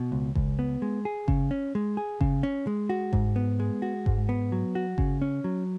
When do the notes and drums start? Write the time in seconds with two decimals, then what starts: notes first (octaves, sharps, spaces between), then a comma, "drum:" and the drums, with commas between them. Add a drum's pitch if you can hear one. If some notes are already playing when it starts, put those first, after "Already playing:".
Already playing: B2
0.12 C#2
0.35 C#2, drum: kick G1
0.59 B3
0.82 G#3
1.05 G#4
1.28 C#3, drum: kick G1
1.51 C#4
1.75 G#3
1.97 G#4
2.21 C#3, drum: kick G1
2.43 C#4
2.67 G#3
2.89 F#4
3.13 G#2, drum: kick G1
3.36 B3
3.60 G#3
3.82 F#4
4.06 G#2, drum: kick G1
4.29 B3
4.52 F#3
4.75 F#4
4.98 C#3, drum: kick G1
5.22 C#4
5.44 F#3